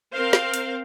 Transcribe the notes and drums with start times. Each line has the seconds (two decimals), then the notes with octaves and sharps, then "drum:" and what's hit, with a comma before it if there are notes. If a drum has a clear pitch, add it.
0.13 C4 A#4 C5 F5
0.33 drum: snare
0.54 drum: hi-hat